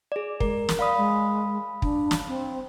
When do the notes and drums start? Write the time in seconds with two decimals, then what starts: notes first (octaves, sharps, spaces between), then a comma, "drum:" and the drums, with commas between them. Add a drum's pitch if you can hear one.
0.12 G#4 D5
0.40 G#3 A#4, drum: kick
0.69 drum: snare
0.79 D5 F5 B5 D#6
0.97 G#3
1.82 D4, drum: kick
2.11 drum: snare
2.28 C4